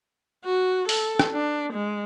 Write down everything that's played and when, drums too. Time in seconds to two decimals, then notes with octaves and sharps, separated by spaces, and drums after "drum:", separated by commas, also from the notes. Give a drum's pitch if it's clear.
0.45 F#4
0.89 A4, drum: open hi-hat
1.19 drum: rim click
1.34 D4
1.73 G#3